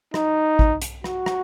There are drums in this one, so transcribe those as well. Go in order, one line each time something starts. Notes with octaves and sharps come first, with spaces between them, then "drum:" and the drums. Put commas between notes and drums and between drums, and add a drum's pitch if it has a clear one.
D#4, drum: rim click
drum: kick
drum: hi-hat
F#4, drum: rim click
drum: rim click